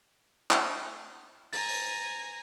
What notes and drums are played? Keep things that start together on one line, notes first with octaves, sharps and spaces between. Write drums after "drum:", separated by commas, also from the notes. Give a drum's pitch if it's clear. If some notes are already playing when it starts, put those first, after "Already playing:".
drum: clap
G#5 A#5 A6, drum: open hi-hat
drum: open hi-hat